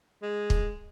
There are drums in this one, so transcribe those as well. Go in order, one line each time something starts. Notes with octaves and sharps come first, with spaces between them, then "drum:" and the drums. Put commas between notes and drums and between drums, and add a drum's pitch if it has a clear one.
G#3
drum: kick